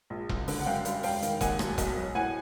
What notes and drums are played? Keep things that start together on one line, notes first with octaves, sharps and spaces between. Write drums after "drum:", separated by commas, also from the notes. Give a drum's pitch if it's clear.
A#1
F#1, drum: kick E1
D3, drum: open hi-hat
F#5
F#2 F5 G5
G3, drum: hi-hat
E1 F5 G5, drum: open hi-hat
D#3, drum: hi-hat
D#2 F#5 G#5, drum: kick E1, hi-hat
E1, drum: rim click
B1, drum: kick E1, hi-hat
F#3
A2 F#5 G#5